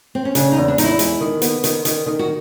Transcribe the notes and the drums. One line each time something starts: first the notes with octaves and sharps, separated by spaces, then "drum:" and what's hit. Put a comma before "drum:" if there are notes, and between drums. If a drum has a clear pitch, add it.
C4
C#4
C#3 D4, drum: hi-hat
D#4
E2
D4
E2 D#4, drum: hi-hat
E4
G#3, drum: hi-hat
D#3
B3, drum: hi-hat
D#3, drum: hi-hat
D#3, drum: hi-hat
D#3
F#4